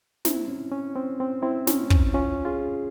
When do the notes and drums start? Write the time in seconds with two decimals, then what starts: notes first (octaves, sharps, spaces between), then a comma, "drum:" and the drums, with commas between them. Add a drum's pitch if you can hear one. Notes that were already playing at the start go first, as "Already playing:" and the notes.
0.25 C4 E4, drum: snare
0.48 C#4
0.72 C#4
0.96 C4
1.20 C4
1.42 C4 E4
1.67 C#4, drum: snare
1.90 C#4, drum: kick
2.14 C#4 F4
2.45 F4 G#4